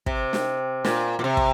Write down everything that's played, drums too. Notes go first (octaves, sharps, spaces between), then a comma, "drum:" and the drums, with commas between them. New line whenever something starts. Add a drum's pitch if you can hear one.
C3, drum: kick
drum: snare
A#2, drum: snare
A#2
C3
drum: kick